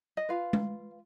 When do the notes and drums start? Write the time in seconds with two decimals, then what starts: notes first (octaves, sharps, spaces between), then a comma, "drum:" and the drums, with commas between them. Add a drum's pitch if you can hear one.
0.17 D#5
0.29 F4 B4 F5
0.53 drum: tom G#3